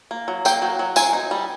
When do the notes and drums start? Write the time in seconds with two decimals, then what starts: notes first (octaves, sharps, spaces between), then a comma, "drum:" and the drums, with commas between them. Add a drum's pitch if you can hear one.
0.11 A#3
0.28 F#3
0.45 A#3 G5, drum: tambourine
0.62 F#3
0.79 F#3
0.96 C4 G#5, drum: tambourine
1.13 D#4
1.31 G3